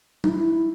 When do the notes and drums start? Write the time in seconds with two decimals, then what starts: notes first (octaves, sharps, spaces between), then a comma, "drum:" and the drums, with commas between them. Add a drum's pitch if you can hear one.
0.24 D#4, drum: tom F#3
0.28 E4